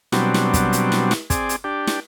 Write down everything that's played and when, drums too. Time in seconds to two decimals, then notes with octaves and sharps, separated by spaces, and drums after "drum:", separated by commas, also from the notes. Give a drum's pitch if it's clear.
0.12 B2 F#3 G3 C4 D4, drum: snare
0.34 drum: snare
0.53 drum: kick, hi-hat
0.73 drum: hi-hat
0.92 drum: snare
1.11 drum: snare
1.30 C4 G#4 D5, drum: kick, hi-hat
1.49 drum: hi-hat
1.64 D4 G4
1.87 drum: snare